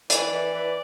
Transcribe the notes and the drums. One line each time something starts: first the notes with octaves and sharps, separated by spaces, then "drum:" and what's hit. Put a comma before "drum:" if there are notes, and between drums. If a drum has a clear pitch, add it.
E3 D5, drum: hi-hat
E3
E3